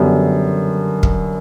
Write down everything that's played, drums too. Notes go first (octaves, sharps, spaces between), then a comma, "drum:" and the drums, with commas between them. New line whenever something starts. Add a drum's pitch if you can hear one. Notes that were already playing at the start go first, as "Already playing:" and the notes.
Already playing: F#2 D3 G3 B3
drum: kick